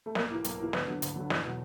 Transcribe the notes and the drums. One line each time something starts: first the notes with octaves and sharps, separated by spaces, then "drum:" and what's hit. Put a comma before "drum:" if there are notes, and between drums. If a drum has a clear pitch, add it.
A3
B1 A#3, drum: snare
A2 E3
B1, drum: hi-hat
A2 E3
D2 B3, drum: snare
D3 F#3
D2, drum: hi-hat
D3 F#3
E2, drum: snare
B2 F#3